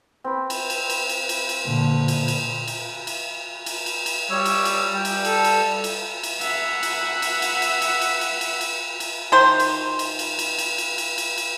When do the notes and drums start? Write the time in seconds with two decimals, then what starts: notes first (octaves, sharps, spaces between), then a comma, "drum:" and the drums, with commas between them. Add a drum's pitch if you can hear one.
0.24 C4 B4
0.50 drum: cymbal
0.70 drum: cymbal
0.90 drum: cymbal
1.09 drum: cymbal
1.29 drum: cymbal
1.49 drum: cymbal
1.65 A#2 D3
2.08 drum: cymbal
2.28 drum: cymbal
2.68 drum: cymbal
3.07 drum: cymbal
3.66 drum: cymbal
3.86 drum: cymbal
4.06 drum: cymbal
4.30 G3 C#5 E6
4.45 drum: cymbal
4.65 drum: cymbal
4.91 G3
5.05 drum: cymbal
5.25 A4, drum: cymbal
5.44 drum: cymbal
5.84 drum: cymbal
6.23 drum: cymbal
6.41 E5 F#5, drum: cymbal
6.83 drum: cymbal
7.22 drum: cymbal
7.42 drum: cymbal
7.62 drum: cymbal
7.82 drum: cymbal
8.01 drum: cymbal
8.21 drum: cymbal
8.41 drum: cymbal
8.61 drum: cymbal
9.00 drum: cymbal
9.32 D#3 C5
9.60 drum: cymbal
9.99 drum: cymbal
10.19 drum: cymbal
10.39 drum: cymbal
10.58 drum: cymbal
10.78 drum: cymbal
10.98 drum: cymbal
11.18 drum: cymbal
11.38 drum: cymbal